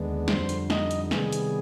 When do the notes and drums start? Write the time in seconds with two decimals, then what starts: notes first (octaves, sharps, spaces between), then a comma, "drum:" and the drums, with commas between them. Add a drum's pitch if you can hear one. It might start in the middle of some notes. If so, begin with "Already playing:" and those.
Already playing: D#2 D3 G#3 B3 D4
0.28 F2 D3 G3 C5 C6, drum: snare
0.49 drum: hi-hat
0.70 D#4 D#5, drum: snare
0.91 drum: hi-hat
1.11 C3 D#3 G3 B3 G#4, drum: snare
1.32 drum: hi-hat